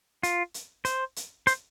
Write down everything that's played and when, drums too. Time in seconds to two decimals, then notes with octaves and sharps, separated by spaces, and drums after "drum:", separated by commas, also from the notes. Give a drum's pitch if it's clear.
0.23 F4, drum: hi-hat
0.54 drum: hi-hat
0.85 C5, drum: hi-hat
1.16 drum: hi-hat
1.47 C5, drum: hi-hat